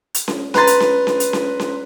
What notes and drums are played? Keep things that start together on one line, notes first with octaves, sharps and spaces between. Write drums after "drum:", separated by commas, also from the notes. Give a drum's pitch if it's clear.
drum: hi-hat
drum: snare C#4
B4 A#5 C6 A6, drum: snare C#4
drum: hi-hat
drum: snare C#4
drum: snare C#4
drum: hi-hat
drum: snare C#4
drum: snare C#4